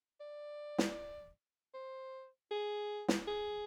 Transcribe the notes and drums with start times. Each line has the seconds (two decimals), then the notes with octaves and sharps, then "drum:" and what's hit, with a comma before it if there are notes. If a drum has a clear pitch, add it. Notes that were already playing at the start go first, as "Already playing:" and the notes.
0.20 D5
0.78 drum: snare
1.74 C5
2.51 G#4
3.08 drum: snare
3.27 G#4